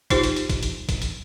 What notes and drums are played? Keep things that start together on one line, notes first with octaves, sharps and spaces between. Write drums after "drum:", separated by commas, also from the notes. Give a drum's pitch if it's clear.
D#4 F4 G4 C5, drum: kick, hi-hat
drum: hi-hat
drum: hi-hat
drum: kick, hi-hat
drum: hi-hat
drum: kick, hi-hat
drum: hi-hat